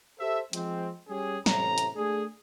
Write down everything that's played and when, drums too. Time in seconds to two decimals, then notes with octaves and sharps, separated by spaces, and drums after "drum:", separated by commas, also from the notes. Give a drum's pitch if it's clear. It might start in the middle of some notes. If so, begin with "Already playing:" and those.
0.19 G4 A4 C5 E5
0.53 F3 G#3 C4, drum: hi-hat
1.09 G3 C#4 G4 G#4
1.46 A1 A2 C3 A#5, drum: snare
1.78 drum: hi-hat
1.95 A3 D4 G#4